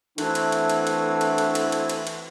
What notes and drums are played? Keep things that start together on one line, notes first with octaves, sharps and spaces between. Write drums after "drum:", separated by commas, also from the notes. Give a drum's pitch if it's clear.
E3 A3 C4 D4 E4 F#4 G#5, drum: cymbal
drum: cymbal
drum: cymbal
drum: cymbal
drum: cymbal
drum: cymbal
drum: cymbal
drum: cymbal
drum: cymbal
drum: cymbal
drum: cymbal